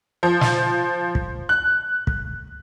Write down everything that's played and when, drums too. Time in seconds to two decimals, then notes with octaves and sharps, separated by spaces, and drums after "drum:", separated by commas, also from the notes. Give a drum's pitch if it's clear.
0.23 F3
0.41 drum: snare
1.15 drum: kick
1.49 F#6
2.07 drum: kick